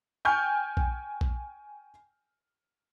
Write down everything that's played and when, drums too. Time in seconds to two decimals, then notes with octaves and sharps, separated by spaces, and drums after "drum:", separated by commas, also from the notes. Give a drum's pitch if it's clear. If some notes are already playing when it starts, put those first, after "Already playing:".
0.25 G5 G#5 C#6 F6 G6
0.77 drum: kick
1.21 drum: kick